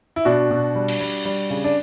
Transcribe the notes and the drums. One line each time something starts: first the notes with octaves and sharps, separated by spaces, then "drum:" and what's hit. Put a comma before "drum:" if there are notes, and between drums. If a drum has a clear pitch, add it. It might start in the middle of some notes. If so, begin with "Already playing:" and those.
E4
B2 D4 F#4
B2
G3
drum: cymbal
G3
G3
C#3
D4